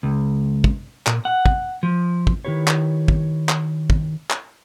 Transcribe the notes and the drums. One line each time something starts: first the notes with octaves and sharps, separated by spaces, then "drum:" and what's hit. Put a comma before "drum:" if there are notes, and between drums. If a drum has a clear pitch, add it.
C#2
drum: kick
A#2, drum: clap
F#5
drum: kick
F3
drum: kick
D#3 F#3 E4 G4 B4 C#5
drum: clap
drum: kick
drum: clap
drum: kick
drum: clap